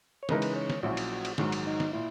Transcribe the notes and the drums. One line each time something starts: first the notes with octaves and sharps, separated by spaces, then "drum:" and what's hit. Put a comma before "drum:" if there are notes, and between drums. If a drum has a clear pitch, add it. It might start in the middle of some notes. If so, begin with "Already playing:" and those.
C#5
C#3 E3 G#3 D#4 A#4 B4, drum: snare
drum: cymbal
C#5
drum: snare
A#1 A#2 F#3 C#4 E4 F#4
drum: cymbal
drum: cymbal
A#1 G#2 D#3 F#3, drum: snare
drum: cymbal
D#4
drum: snare
A#2 E4